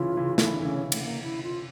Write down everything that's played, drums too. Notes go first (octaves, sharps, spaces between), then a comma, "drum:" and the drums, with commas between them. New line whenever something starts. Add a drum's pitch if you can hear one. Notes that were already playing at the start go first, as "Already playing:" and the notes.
Already playing: C#3 E3 F4
C#3 E3
F4, drum: snare
E3 E4
D3
C#3 E3 C#4
A3, drum: cymbal
A#3
E4
F4